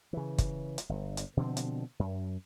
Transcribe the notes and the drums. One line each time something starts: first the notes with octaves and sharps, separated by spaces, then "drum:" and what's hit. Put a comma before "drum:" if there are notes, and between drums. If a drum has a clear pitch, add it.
C#3 E3
drum: kick, hi-hat
drum: hi-hat
G1
drum: hi-hat
B2 D3 F3 C4
drum: hi-hat
F#2